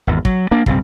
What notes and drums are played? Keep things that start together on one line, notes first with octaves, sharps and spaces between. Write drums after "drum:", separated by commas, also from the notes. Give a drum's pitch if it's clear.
G#1 E2
F#3, drum: kick
A#3 D4
B1 G2 C#3 C4, drum: kick